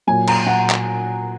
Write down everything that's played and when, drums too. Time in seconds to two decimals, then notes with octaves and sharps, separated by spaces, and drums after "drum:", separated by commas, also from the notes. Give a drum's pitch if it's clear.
0.07 A#2 F#3 G#5
0.28 A#5, drum: cymbal
0.47 F#5
0.70 drum: clap